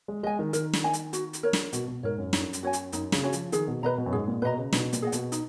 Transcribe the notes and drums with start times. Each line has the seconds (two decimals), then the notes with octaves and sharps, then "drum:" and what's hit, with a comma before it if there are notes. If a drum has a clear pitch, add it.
0.08 G#3
0.23 G#3 D#5 G#5
0.39 D#3
0.53 D#3 A#4, drum: hi-hat
0.73 drum: snare
0.83 D#5 G#5
0.93 drum: hi-hat
1.13 F#4, drum: hi-hat
1.33 drum: hi-hat
1.43 A#4 C#5
1.53 drum: snare
1.73 B2 F#4, drum: hi-hat
1.88 B2
2.03 G#2 A#4 C#5
2.18 F#2
2.33 F#2 D#4, drum: snare
2.53 drum: hi-hat
2.63 F#4 C#5 G#5
2.73 drum: hi-hat
2.92 F#2 D#4, drum: hi-hat
3.12 C#3, drum: snare
3.23 F#4 C#5 G#5
3.33 F3, drum: hi-hat
3.52 D#3 G#4, drum: hi-hat
3.68 B2
3.82 B2 B4 D#5 A#5
3.98 B2
4.06 F#2
4.12 G#2 G#4
4.28 A#2
4.42 B2 B4 D#5 A#5
4.57 C#3
4.72 B2 D#4, drum: snare
4.93 A#2, drum: hi-hat
5.02 G#4 D#5 F#5
5.12 B2, drum: hi-hat
5.32 D#4, drum: hi-hat